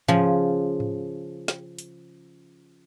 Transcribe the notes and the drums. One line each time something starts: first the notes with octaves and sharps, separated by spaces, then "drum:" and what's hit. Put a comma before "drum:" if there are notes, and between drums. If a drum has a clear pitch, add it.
C#3 F3, drum: tom G#2
drum: tom G#2
drum: snare
drum: hi-hat